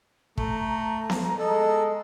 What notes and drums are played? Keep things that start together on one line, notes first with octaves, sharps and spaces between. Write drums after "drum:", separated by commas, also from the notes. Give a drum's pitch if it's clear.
A3 A#5, drum: kick
drum: snare B3
G#3 A4 D#5